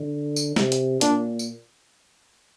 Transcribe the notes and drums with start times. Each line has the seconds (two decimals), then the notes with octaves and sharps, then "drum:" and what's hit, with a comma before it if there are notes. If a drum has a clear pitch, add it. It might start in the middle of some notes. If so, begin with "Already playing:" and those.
Already playing: D3
0.36 drum: tambourine
0.56 C3, drum: snare
0.72 drum: hi-hat
1.01 A#2 D4, drum: hi-hat
1.39 drum: tambourine